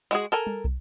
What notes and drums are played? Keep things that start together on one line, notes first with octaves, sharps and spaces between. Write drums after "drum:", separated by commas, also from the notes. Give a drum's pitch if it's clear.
G#3 F#4 G#4, drum: hi-hat
A4 A#4 G#5
drum: tom G3
drum: kick